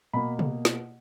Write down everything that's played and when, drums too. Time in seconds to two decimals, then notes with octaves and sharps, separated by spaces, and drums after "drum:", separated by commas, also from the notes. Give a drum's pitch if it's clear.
0.14 B2 A#3 B5
0.39 drum: tom C3
0.65 drum: snare